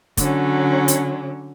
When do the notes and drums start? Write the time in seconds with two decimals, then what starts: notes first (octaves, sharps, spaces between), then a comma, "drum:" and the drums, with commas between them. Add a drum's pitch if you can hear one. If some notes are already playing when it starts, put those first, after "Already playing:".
0.17 D3 F#3 C#4, drum: kick, hi-hat
0.88 drum: hi-hat